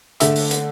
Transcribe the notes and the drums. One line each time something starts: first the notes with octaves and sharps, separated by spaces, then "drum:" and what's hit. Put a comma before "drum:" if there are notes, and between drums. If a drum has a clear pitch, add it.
D3 A3 E5, drum: hi-hat
drum: open hi-hat
drum: hi-hat